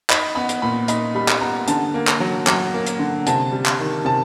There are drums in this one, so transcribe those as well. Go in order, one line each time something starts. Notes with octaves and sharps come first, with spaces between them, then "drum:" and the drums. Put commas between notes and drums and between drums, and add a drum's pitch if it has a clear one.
D#4 B5, drum: clap
B3 B5
drum: hi-hat
A#2 B5
D#4 B5, drum: hi-hat
G3 B5
drum: clap
B3 A#5
D3 A5, drum: hi-hat
A#3
drum: clap
F#3
F#3, drum: clap
A#3
drum: hi-hat
D3
C3 A5, drum: hi-hat
G3
drum: clap
D#3
C3 A5